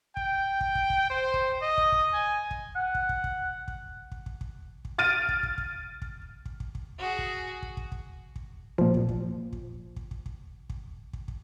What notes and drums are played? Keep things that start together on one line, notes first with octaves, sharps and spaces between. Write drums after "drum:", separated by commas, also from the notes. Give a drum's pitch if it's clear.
G5, drum: kick
drum: kick
drum: kick
drum: kick
C5
drum: kick
D#5
drum: kick
drum: kick
G#5
drum: kick
F#5
drum: kick
drum: kick
drum: kick
drum: kick
drum: kick
drum: kick
drum: kick
drum: kick
F6 A6 D7 D#7
drum: kick
drum: kick
drum: kick
drum: kick
drum: kick
drum: kick
drum: kick
F#4 G#4
drum: kick
drum: kick
drum: kick
drum: kick
drum: kick
A#2 F3, drum: kick
drum: kick
drum: kick
drum: kick
drum: kick
drum: kick
drum: kick
drum: kick
drum: kick
drum: kick